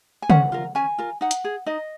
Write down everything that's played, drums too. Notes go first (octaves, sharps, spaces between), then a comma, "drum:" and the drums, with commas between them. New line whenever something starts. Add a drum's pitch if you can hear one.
G#5
C#4 F#5, drum: tom C#3
F4 A#4
C#4 G#5
F4 A#4
D#4 F#5
drum: hi-hat
G#4
D#4 D#5